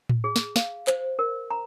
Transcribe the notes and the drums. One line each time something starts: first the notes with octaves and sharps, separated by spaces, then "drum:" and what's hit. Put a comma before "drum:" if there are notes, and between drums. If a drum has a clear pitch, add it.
drum: tom A2
G#4
drum: snare
F5, drum: snare
C5, drum: clap
A#4
A#5